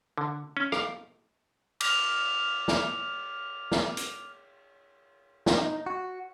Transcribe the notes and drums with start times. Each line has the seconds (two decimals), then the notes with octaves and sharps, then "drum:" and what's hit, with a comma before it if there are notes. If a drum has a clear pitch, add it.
0.18 D3
0.57 C#4
0.72 F5, drum: rim click
1.80 D6 F6 F7, drum: cymbal
2.68 drum: snare
3.72 drum: snare
3.97 drum: hi-hat
5.46 drum: snare
5.58 D#4
5.86 F#4